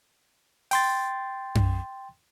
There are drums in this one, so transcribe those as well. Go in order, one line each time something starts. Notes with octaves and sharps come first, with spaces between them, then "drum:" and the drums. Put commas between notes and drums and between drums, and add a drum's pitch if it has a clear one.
G5 C6 A6, drum: open hi-hat
drum: tom F#2